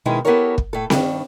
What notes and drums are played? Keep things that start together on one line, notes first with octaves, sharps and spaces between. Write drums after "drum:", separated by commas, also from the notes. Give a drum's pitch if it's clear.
B2 D#3 G#3 C#4 D#4 E4
B3 E4 G4 A4 A#4 C#5
drum: kick
A2 A4
G2 D#3 C#4 D4, drum: snare C4